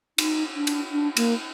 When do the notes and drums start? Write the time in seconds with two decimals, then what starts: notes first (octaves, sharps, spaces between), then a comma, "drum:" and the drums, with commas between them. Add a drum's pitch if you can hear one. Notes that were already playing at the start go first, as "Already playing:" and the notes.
0.18 D#4, drum: cymbal
0.55 D4
0.67 drum: cymbal
0.92 D4
1.17 A#3, drum: cymbal